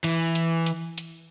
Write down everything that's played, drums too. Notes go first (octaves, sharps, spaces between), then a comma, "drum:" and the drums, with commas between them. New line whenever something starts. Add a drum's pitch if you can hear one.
E3, drum: hi-hat
drum: hi-hat
drum: hi-hat
drum: hi-hat